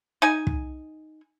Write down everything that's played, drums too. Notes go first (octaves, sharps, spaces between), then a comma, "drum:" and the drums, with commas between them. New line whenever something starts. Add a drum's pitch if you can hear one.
D#4 G#5
drum: kick